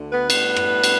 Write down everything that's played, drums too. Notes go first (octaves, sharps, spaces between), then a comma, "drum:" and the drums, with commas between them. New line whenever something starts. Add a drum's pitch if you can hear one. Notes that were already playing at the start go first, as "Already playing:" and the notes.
Already playing: D2 D3
B3 B4
A2 G3 B3, drum: cymbal
drum: rim click
drum: cymbal